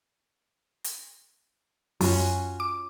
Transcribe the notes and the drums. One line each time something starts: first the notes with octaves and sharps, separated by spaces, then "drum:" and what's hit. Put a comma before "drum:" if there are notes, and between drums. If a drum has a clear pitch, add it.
drum: hi-hat
F#2 C#4 F4 F#4, drum: open hi-hat
D6